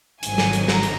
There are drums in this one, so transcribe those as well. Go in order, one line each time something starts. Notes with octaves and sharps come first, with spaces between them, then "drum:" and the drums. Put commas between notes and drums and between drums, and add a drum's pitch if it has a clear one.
G#1 G#2 D#3 F#3 G#5, drum: hi-hat
drum: snare
drum: hi-hat
A#5, drum: snare
drum: hi-hat